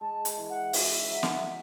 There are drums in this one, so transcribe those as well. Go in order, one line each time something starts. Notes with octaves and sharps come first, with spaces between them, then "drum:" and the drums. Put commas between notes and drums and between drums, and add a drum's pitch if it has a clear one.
G#3 A5
drum: hi-hat
E3
F#5
C#4 E5, drum: open hi-hat
F#3
drum: snare